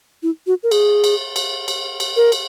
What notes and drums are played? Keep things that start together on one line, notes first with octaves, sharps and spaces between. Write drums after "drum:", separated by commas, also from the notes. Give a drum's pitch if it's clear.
E4
F#4
A#4
G#4, drum: cymbal
drum: cymbal
drum: cymbal
drum: cymbal
drum: cymbal
A#4
drum: cymbal